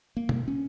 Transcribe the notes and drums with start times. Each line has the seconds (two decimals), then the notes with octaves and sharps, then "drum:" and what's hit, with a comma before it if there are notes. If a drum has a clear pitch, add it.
0.17 A#3
0.29 drum: tom B2
0.48 C#4